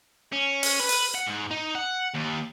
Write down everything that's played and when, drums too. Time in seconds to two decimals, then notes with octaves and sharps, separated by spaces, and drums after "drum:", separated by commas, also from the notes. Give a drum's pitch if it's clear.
0.33 C#4
0.63 drum: open hi-hat
0.80 B4
0.89 drum: open hi-hat
1.14 F#5
1.27 G#2
1.51 D#4
1.75 F#5
2.14 D#2